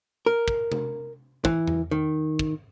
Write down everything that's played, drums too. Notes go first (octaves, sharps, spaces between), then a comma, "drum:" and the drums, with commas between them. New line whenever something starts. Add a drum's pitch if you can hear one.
A#4
drum: kick
drum: tom
E3, drum: kick
drum: tom E2
D#3
drum: kick